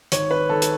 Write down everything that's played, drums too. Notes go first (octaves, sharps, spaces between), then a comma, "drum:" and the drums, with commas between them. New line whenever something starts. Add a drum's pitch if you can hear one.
G#1 C#5, drum: hi-hat
B4
G#2 D#3 A4
drum: hi-hat